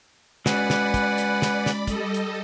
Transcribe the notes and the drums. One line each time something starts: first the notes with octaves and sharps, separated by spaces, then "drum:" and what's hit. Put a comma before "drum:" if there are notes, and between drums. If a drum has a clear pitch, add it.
G#3 C#4 F#4 B4 D5 F#5 G#5 B5, drum: snare
drum: snare
drum: kick, hi-hat
drum: hi-hat
drum: snare
drum: snare
G3 A4 D#5, drum: kick, hi-hat
drum: hi-hat